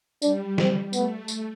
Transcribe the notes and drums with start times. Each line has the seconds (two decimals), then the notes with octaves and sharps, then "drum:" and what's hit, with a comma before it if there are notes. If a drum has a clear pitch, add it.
0.22 G3 D4, drum: tambourine
0.58 C4, drum: snare
0.93 A3 B3, drum: tambourine
1.28 drum: tambourine